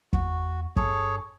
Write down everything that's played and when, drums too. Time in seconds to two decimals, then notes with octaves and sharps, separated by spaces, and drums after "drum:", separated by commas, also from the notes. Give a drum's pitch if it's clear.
0.13 E2 F#4, drum: kick
0.76 G2 G#4 A4 C#5, drum: kick